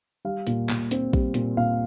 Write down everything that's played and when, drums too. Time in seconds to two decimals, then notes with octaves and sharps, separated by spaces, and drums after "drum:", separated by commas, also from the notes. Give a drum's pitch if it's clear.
0.25 G3 F5
0.47 A#2, drum: hi-hat
0.69 A#2, drum: clap
0.91 C4, drum: hi-hat
1.13 G3, drum: kick A#1
1.34 A#2, drum: hi-hat
1.57 A#2 F5